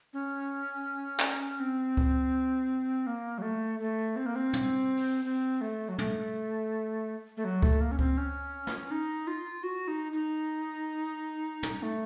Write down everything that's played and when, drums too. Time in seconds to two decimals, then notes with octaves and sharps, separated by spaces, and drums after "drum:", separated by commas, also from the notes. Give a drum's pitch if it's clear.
0.13 C#4
1.20 drum: clap
1.60 C4
1.97 drum: kick C#2
3.07 A#3
3.38 F#3
3.42 A3
3.80 A3
4.16 C4
4.26 A#3
4.36 C4
4.53 drum: tom
4.97 drum: open hi-hat
5.25 C4
5.61 A3
5.89 F#3
5.98 A3, drum: tom
7.37 A3
7.45 F#3
7.62 A3, drum: kick C#2
7.80 A#3
7.92 C#4
7.99 C4, drum: kick C#2
8.17 C#4
8.67 drum: snare
8.91 D#4
9.27 F4
9.63 F#4
9.88 D#4
10.12 D#4
11.63 drum: tom
11.83 A3